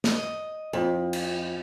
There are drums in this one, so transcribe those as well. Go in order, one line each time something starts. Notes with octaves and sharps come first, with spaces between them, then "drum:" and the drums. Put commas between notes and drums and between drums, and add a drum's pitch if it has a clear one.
D#5, drum: snare
F2
drum: cymbal